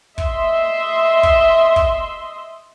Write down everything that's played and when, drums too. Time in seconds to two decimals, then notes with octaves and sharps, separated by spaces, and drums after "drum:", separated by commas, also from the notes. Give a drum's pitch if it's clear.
0.18 D#5 E5 C6, drum: kick
1.23 drum: kick
1.76 drum: kick